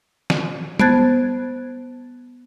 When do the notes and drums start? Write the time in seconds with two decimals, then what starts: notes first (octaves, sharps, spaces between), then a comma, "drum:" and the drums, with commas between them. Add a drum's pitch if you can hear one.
0.30 drum: snare
0.80 B3 C5 A5 F#6 G#6 A6, drum: tom G3